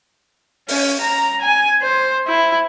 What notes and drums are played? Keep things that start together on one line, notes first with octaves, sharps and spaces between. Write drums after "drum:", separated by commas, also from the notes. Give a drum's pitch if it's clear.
C#4, drum: open hi-hat
A#5
G#5
C5
E4